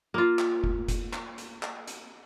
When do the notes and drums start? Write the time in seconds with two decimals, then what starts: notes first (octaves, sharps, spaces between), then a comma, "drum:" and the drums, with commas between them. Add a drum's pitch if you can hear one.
0.14 A#3 F4
0.39 drum: clap
0.64 drum: kick F#1
0.88 drum: kick F#1, hi-hat
1.13 drum: clap
1.38 drum: hi-hat
1.63 drum: clap
1.88 drum: hi-hat